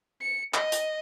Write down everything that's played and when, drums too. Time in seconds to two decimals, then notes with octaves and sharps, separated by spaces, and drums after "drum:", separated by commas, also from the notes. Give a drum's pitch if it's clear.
0.21 C#7
0.54 D#5, drum: clap
0.72 drum: hi-hat